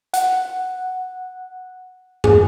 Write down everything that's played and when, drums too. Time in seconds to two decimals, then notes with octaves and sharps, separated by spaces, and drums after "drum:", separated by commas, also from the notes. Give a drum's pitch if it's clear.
0.14 F#5, drum: hi-hat
2.24 G#4, drum: tom G2